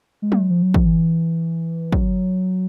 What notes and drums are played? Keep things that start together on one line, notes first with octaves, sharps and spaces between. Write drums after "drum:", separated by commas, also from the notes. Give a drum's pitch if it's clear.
G#3
G3, drum: tom G#3
F#3
F3
F#3
F3, drum: kick
E3
F#3, drum: kick